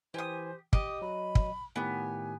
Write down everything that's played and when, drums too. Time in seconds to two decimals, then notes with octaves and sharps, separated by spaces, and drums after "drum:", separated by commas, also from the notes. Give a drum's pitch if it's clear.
0.14 E3 G4 C5 G#5 D#6
0.73 G4 D#5 D6 D#6, drum: kick
1.02 F#3 B5
1.35 drum: kick
1.76 A2 D#3 B3 G4 G#5